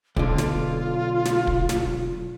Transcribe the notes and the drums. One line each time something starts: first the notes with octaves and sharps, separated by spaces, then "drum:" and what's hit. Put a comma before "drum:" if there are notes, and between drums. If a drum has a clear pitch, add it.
B1 D3 F4, drum: kick
drum: snare
drum: snare
drum: kick
drum: snare